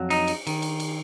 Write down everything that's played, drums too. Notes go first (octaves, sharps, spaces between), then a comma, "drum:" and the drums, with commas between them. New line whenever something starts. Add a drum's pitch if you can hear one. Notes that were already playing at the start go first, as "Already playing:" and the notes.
Already playing: F2 F#3
D#4, drum: cymbal
drum: cymbal
D#3, drum: cymbal
drum: cymbal
drum: cymbal